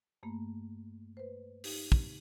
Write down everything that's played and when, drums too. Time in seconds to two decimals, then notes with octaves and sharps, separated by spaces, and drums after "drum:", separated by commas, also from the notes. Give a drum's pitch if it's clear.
0.23 G2 A3 A#3
1.17 B4 C5
1.64 D#4 G4, drum: open hi-hat
1.92 drum: kick